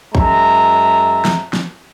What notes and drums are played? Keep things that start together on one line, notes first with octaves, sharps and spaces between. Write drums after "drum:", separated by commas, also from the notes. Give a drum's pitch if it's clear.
F#2 G#3 E5 A5 A#5, drum: kick
drum: snare
drum: snare